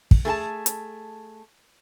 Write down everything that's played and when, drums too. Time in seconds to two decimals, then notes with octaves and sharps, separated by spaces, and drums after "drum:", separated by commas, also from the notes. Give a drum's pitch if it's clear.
0.11 drum: kick
0.25 A3 G#4 A4 A5
0.66 drum: hi-hat